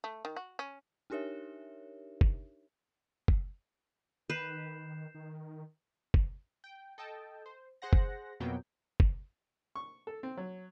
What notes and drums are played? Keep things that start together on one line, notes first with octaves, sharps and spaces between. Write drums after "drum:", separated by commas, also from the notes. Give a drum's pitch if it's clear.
A3
D#3
F#4
C#4
D4 D#4 G4 A#4 C#5 E5
drum: kick F#1
drum: kick F#1
D#3 B4 G6 C7 E7
D#3
drum: kick F#1
G5
A4 D#5 G5 A5
C5
G#4 C5 F#5 A#6
drum: kick F#1
F2 B2 F#3 A#3 B3 G5
drum: kick F#1
C#6
A4
C4
F#3